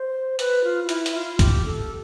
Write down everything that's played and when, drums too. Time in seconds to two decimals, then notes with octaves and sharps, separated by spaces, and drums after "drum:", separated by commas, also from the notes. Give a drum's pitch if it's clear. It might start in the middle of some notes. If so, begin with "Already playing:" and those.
Already playing: C5
0.39 B4, drum: hi-hat
0.64 F4
0.84 F4
0.89 E4, drum: hi-hat
1.06 drum: hi-hat
1.15 F4
1.39 G4, drum: kick F#1, hi-hat
1.65 A4